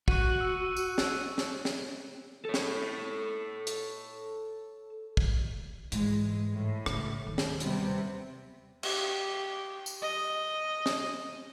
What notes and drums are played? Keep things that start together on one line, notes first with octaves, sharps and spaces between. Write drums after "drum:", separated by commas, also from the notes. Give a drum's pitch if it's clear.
F#4 C#6 F#6 D#7, drum: kick
E6 C#7
drum: tambourine
drum: snare
drum: snare
drum: snare
A4 C#5
drum: snare
drum: hi-hat
drum: kick
G#2 E3 G#3, drum: hi-hat
A2
C#3, drum: rim click
D#2
drum: snare
C3 G3 B3, drum: hi-hat
G4, drum: cymbal
drum: tambourine
D#5
drum: snare